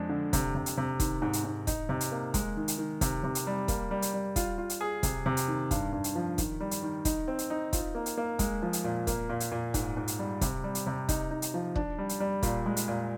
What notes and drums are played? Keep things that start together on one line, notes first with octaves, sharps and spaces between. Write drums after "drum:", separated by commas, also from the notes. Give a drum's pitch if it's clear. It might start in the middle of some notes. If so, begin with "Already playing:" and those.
Already playing: F2 G#3 D4
D3
C3, drum: kick, hi-hat
C3
drum: hi-hat
C3
D#3, drum: kick, hi-hat
G#2
drum: hi-hat
G#2
D#4, drum: kick, hi-hat
C3
drum: hi-hat
A#3
G#3, drum: kick, hi-hat
D#3
drum: hi-hat
D#3
C3, drum: kick, hi-hat
C3
drum: hi-hat
G3
A#3, drum: kick, hi-hat
G3
drum: hi-hat
G3
F4, drum: kick, hi-hat
F4
drum: hi-hat
G#4
C3, drum: kick, hi-hat
C3
drum: hi-hat
D#3
G2, drum: kick, hi-hat
G2
drum: hi-hat
F3
D#3, drum: kick, hi-hat
G3
drum: hi-hat
D#3
D#4, drum: kick, hi-hat
C4
drum: hi-hat
D#4
F4, drum: kick, hi-hat
A#3
drum: hi-hat
A#3
G#3, drum: kick, hi-hat
F3
drum: hi-hat
A#2
A#3, drum: kick, hi-hat
A#2
drum: hi-hat
A#2
G#2, drum: kick, hi-hat
G#2
drum: hi-hat
G3
C3, drum: kick, hi-hat
G3
drum: hi-hat
C3
D#4, drum: kick, hi-hat
D#4
drum: hi-hat
F3
D4, drum: kick
G3
drum: hi-hat
G3
A#2, drum: kick, hi-hat
G#3
drum: hi-hat
A#2